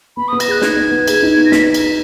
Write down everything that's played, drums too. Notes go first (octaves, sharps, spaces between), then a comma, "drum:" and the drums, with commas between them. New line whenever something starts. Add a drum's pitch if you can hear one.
B3 B5
B3 D#6
A#6, drum: cymbal
G#4 F#6
D#4 G#6, drum: snare
B3
B3
G#4, drum: cymbal
D#4
B3
A#6
B3 B6, drum: snare
drum: cymbal